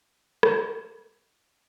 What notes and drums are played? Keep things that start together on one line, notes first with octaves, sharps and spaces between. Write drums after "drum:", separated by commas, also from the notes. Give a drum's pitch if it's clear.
C#3
D#4, drum: rim click
C4
G4
F3
C4
A3